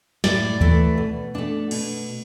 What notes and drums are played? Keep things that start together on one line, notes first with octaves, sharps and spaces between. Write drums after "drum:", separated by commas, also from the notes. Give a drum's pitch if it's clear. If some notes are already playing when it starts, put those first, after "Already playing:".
A2 D5, drum: snare
E3 A3, drum: kick D2
B2
A3 D4
B2, drum: cymbal